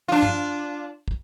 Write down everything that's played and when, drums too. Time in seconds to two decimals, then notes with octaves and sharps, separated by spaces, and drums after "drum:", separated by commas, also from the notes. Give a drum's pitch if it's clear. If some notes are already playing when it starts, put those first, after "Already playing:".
0.08 D4 F4
0.23 drum: tom G2
1.08 drum: kick